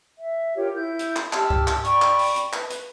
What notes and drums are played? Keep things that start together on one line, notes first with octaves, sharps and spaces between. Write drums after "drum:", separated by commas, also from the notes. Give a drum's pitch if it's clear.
E5
F4 G4 A#4 C#5
E4 G6
drum: hi-hat
drum: clap
G4 A5 E6 F6, drum: clap
drum: kick C#2
drum: clap
D5 G5 B5 C#6, drum: hi-hat
drum: clap
drum: open hi-hat
drum: hi-hat
B4, drum: clap
drum: hi-hat